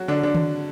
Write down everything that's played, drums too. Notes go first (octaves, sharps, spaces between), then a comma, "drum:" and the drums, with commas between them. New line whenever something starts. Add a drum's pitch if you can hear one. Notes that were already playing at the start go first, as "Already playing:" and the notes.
Already playing: F#3 F#4
D3 D4
D3 D4
drum: tom D#3